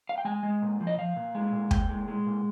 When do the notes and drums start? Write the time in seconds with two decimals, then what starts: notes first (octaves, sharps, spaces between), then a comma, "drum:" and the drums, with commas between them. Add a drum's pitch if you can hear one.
0.09 F5
0.18 G5
0.25 G#3 G#5
0.43 G#3
0.62 A#2
0.81 F3
0.87 D#5
0.99 F3 F5
1.16 A#2
1.35 G#3
1.53 A#2
1.71 A#2 G5, drum: kick
1.89 G#3
2.08 G#3
2.26 A#2